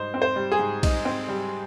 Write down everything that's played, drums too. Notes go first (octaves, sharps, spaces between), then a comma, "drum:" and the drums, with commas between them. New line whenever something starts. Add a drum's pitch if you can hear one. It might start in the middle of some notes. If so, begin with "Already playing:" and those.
Already playing: G#2 G3 D#4 C5
C4
C5
G3
G#4
G#2
D#4, drum: kick, cymbal
C4
G3